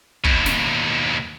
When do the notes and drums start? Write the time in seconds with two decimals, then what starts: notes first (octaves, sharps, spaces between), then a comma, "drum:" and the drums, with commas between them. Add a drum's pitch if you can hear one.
0.24 D#2 B2, drum: kick
0.46 drum: snare